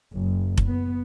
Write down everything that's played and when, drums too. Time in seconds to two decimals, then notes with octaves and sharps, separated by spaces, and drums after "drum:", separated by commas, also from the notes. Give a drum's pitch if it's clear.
0.15 F#1
0.57 drum: kick F1
0.68 B3